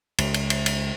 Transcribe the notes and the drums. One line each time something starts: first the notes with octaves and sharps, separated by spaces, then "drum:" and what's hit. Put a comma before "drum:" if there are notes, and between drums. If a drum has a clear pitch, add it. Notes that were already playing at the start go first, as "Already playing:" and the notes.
C#2, drum: cymbal
drum: cymbal
drum: cymbal
drum: cymbal